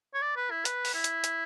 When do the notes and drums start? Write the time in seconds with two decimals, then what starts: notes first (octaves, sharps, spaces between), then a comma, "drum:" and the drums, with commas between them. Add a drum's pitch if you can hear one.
0.14 C#5
0.22 D5
0.37 B4
0.51 E4
0.65 B4, drum: hi-hat
0.85 drum: open hi-hat
0.94 E4
1.04 drum: hi-hat
1.24 drum: hi-hat